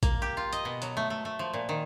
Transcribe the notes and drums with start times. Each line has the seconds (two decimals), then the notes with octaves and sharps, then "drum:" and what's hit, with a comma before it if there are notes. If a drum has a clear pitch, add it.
0.03 A#3, drum: kick A#1, hi-hat
0.22 G4
0.37 F4
0.53 D#5, drum: hi-hat
0.65 B2
0.82 F#3, drum: hi-hat
0.97 A3
1.10 A3
1.25 A3
1.39 F3
1.53 A#2
1.69 D#3